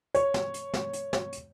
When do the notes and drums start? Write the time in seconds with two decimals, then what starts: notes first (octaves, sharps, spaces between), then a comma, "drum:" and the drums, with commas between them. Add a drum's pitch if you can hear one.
0.15 C#5, drum: hi-hat
0.34 drum: snare
0.54 drum: hi-hat
0.74 drum: snare
0.93 drum: hi-hat
1.13 drum: snare
1.33 drum: hi-hat